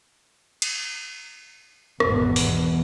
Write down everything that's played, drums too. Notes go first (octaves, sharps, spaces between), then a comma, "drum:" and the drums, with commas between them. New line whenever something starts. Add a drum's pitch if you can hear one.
drum: cymbal
G#1 E2 G2 B2 E3 B3, drum: rim click
drum: open hi-hat